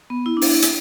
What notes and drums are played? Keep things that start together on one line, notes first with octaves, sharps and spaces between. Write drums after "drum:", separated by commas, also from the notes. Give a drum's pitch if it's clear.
B3
E4
D4
E4, drum: open hi-hat
drum: hi-hat